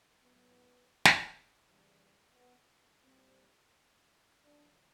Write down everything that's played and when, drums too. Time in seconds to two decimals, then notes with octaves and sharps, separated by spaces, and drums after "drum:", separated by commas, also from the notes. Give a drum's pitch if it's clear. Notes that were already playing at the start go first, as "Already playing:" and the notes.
0.22 A2 F#3 B3
1.05 drum: snare
1.62 E2 C#3 E3 G3
2.32 B3
3.01 A#2 G3 C4
4.41 E2 C#3 F#3 D4